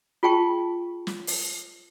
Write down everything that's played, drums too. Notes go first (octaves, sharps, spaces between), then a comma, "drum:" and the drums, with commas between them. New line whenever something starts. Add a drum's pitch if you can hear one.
F4 G#4 G5 A5 C#6
drum: snare
drum: open hi-hat